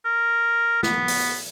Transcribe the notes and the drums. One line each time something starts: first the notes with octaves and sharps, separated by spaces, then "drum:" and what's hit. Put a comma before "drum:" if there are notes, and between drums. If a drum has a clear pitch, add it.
A#4
B3, drum: snare
drum: open hi-hat